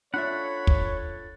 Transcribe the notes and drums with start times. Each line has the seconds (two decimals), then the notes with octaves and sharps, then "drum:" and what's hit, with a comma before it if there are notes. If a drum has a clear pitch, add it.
0.14 D4 F4 A4 C#5 E5 F#5 B5
0.67 drum: kick